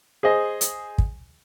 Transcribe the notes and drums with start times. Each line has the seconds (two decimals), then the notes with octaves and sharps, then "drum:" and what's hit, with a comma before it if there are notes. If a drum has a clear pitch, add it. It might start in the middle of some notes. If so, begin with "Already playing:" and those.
0.23 G#4 C5 D#5 G#5
0.61 drum: hi-hat
0.98 drum: kick